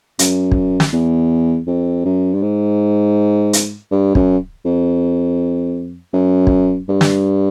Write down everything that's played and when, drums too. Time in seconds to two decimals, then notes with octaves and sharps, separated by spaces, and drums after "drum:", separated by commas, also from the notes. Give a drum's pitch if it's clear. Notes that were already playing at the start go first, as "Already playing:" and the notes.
0.19 F#2, drum: hi-hat
0.52 drum: kick
0.80 drum: snare
0.93 E2
1.67 F2
2.05 F#2
2.34 G2
2.42 G#2
3.53 drum: hi-hat
3.91 G2
4.15 F#2, drum: kick
4.65 F2
6.13 F#2
6.47 drum: kick
6.89 G2
7.01 drum: snare